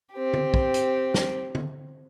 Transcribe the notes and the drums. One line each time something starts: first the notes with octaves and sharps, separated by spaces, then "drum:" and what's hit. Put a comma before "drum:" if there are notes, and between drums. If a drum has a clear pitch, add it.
C4 G4
drum: tom
drum: kick
drum: hi-hat
drum: snare
drum: tom